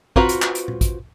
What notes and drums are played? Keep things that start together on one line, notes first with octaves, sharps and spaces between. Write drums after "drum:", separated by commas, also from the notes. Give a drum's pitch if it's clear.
C4 F4 F#4 B4 A#5, drum: kick
drum: hi-hat
drum: clap
drum: hi-hat
drum: tom A#2
drum: kick, hi-hat